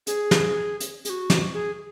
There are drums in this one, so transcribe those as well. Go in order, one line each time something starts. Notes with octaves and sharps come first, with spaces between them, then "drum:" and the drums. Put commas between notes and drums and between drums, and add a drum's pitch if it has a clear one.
G#4, drum: hi-hat
drum: snare
drum: hi-hat
G#4, drum: hi-hat
F#4
drum: snare
G#4